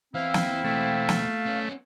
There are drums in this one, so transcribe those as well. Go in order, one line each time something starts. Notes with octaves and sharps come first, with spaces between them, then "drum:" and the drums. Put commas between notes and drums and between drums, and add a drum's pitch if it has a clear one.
E3 B3 C4 E4 F5
drum: snare
E2 B2 A3
drum: snare
B3 C#4